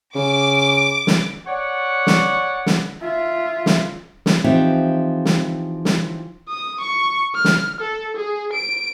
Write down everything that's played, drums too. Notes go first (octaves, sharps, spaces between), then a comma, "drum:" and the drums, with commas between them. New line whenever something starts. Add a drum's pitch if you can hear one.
C#3 D6
drum: snare
C#5 D5 F#5
drum: snare
drum: snare
F4 E5
drum: snare
drum: snare
E3 F3 C4 D#4 G4 E5
drum: snare
drum: snare
D#6
C#6
F6
drum: snare
A4
G#4
D7